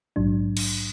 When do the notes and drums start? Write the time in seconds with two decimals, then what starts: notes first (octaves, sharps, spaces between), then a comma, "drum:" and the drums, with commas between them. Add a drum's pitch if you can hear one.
0.16 A#1 G#2 F#3 D4
0.57 drum: cymbal